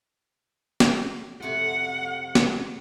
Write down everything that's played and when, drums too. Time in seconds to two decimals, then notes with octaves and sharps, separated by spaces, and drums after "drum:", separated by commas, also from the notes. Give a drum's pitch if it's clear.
0.80 drum: snare
1.42 F2 C3 F#4 F#5
2.35 drum: snare